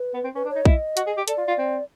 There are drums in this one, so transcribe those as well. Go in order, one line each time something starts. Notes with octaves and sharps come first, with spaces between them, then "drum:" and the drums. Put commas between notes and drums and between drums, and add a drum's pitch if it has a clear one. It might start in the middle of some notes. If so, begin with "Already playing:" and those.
Already playing: B4
B3
C4
C#4 B4
D4
D#4 C#5
E4 D#5, drum: kick A#1
F#4, drum: hi-hat
G#4
G4
A4 D5, drum: hi-hat
F4
F4
C4